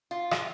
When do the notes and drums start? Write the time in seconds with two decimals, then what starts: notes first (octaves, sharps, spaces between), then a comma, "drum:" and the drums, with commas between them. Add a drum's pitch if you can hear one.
0.11 F4
0.31 drum: rim click